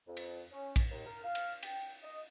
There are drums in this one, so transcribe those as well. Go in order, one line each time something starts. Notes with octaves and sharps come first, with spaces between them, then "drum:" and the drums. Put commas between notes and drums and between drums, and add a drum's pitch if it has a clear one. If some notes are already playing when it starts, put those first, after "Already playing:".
F2
drum: cymbal
C#4
drum: kick A#1, cymbal
D#2
A#4
F5
drum: cymbal
G5, drum: cymbal
D#5